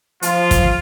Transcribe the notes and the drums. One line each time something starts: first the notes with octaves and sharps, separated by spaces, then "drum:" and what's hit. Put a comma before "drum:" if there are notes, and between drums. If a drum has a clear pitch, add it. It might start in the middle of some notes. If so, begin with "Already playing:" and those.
F3 F4, drum: hi-hat
drum: kick, hi-hat